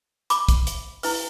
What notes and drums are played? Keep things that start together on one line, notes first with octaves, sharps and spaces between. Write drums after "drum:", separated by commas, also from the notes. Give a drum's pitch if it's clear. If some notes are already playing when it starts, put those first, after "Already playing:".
B5 D6, drum: hi-hat
drum: kick, hi-hat
drum: hi-hat
E4 B4, drum: open hi-hat